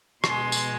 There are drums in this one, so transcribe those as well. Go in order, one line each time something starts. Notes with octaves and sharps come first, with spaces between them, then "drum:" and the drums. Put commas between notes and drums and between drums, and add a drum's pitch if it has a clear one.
B2 G#3 C6, drum: rim click
drum: tambourine